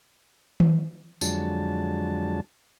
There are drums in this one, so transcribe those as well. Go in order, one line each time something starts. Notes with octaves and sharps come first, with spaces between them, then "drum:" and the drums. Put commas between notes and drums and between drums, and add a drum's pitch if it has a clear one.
drum: tom D#3
F2 D3 F#3 G#3 A5, drum: tambourine